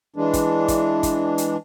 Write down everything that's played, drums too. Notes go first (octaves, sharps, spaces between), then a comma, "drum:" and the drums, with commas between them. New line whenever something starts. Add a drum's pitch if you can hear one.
E3 G#3 D4
drum: kick, hi-hat
drum: kick, hi-hat
drum: kick, hi-hat
drum: hi-hat